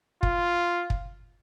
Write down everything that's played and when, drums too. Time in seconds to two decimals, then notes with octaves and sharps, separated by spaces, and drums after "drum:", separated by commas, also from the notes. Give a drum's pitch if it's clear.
0.23 F4, drum: kick
0.90 drum: kick